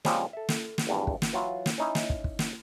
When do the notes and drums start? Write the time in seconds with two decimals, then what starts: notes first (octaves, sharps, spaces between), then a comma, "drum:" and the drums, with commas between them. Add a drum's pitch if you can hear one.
0.05 C#3 F3 G3 G#3 C4, drum: snare
0.33 A4 E5
0.49 drum: snare
0.78 drum: snare
0.87 G#1 E2 G2
1.07 drum: kick
1.22 drum: snare
1.33 E3 F#3 F4
1.66 drum: snare
1.78 C#4 D#4 E4
1.95 drum: snare
2.10 drum: kick
2.24 drum: kick
2.39 drum: snare